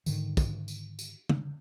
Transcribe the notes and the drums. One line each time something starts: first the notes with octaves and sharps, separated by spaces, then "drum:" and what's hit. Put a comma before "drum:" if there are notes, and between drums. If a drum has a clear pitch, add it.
G#2 D3 D#3, drum: tambourine
drum: kick, tambourine
drum: tambourine
drum: tambourine
drum: tom